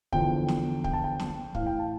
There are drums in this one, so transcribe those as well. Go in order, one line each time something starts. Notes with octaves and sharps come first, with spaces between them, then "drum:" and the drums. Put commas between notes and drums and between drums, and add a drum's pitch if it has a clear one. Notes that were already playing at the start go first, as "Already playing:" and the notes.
E2 D3 F3 G5, drum: kick
drum: snare
G5, drum: kick
A5
G5
drum: snare
A2 E3 F5, drum: kick
G5
A5